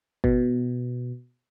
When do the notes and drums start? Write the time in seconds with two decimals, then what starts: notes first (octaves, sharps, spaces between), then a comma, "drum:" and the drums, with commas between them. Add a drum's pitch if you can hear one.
0.24 B2, drum: kick G1